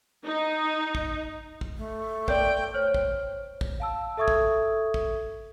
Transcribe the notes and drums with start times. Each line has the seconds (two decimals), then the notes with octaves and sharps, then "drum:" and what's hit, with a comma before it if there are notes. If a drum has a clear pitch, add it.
0.25 D#4
0.95 drum: kick
1.61 drum: kick
1.77 A3
2.28 C5 D5 G5, drum: kick
2.74 C5 C#5 F6
2.94 drum: kick
3.61 drum: kick
3.80 F5 A5 E6
4.17 A4 E5 C#6 D#6 G#6
4.28 drum: kick
4.94 drum: kick